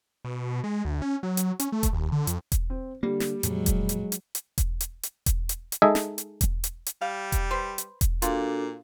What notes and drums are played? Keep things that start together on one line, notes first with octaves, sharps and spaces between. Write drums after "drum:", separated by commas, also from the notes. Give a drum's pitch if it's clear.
B2
G#3
D2
C#4
F#3
drum: hi-hat
C#4, drum: hi-hat
A3
drum: kick E1, hi-hat
D#2
D3
F2, drum: hi-hat
drum: kick E1, hi-hat
C4
D3 G3 A#3
drum: snare
F2 A#2 C#3 F#3 G#3, drum: hi-hat
drum: kick E1, hi-hat
drum: hi-hat
drum: hi-hat
drum: hi-hat
drum: kick E1, hi-hat
drum: hi-hat
drum: hi-hat
drum: kick E1, hi-hat
drum: hi-hat
drum: hi-hat
G#3 D#4 A4 D#5 E5 G#5
drum: snare
drum: hi-hat
drum: kick E1, hi-hat
drum: hi-hat
drum: hi-hat
G3 F5
drum: kick E1, hi-hat
B4 C5
drum: hi-hat
drum: kick E1, hi-hat
A#2 D4 F4 F#4 A4, drum: hi-hat